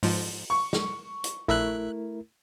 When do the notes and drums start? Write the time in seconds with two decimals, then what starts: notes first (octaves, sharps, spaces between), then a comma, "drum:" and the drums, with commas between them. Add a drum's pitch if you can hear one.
0.03 G#2 F3, drum: open hi-hat
0.50 C#6
0.73 drum: snare
1.24 drum: hi-hat
1.48 A#1 A3 E4 A#4 E5 F#6